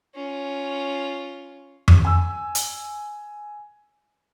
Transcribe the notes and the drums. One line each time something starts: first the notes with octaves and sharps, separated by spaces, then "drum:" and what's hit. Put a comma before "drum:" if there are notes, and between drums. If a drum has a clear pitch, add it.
C#4 F4
drum: tom F2
G#5 E6
drum: hi-hat